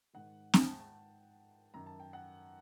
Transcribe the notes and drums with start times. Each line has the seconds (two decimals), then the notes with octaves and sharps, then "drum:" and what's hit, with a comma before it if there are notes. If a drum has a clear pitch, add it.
0.13 G#2 D#3 F#5
0.54 G5, drum: snare
0.67 A5
0.80 A5
1.74 F#2 D#3 A#5
1.86 A5
2.00 G5
2.13 F#5